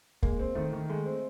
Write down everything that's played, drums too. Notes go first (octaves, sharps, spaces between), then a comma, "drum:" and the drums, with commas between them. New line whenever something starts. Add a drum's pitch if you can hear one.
G#3 A#3, drum: kick
C4
D#3 A3
D#3
G#3 A3
C4